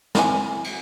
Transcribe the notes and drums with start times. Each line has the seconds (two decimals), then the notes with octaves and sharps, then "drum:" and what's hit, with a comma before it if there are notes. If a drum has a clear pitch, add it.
0.15 C4 E4 G#5, drum: snare
0.64 drum: cymbal